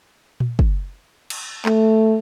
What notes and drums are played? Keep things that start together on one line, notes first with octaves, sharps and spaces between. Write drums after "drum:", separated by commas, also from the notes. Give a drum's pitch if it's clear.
drum: tom A#2
drum: kick
drum: cymbal
A3, drum: clap